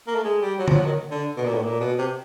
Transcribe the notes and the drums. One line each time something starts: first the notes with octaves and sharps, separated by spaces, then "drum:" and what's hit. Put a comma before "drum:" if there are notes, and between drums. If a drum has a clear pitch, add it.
A#3
A3
G#3
G3
F#3
F3, drum: tom D3
F#3
D#3
D3
B2
A#2
A2
A#2
B2
C3